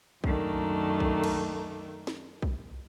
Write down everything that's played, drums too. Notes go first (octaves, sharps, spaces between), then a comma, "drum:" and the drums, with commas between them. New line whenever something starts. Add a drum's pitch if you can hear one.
F#2 D#3 A3 A#3 D4, drum: kick B1
drum: kick B1
drum: cymbal
drum: snare
drum: kick B1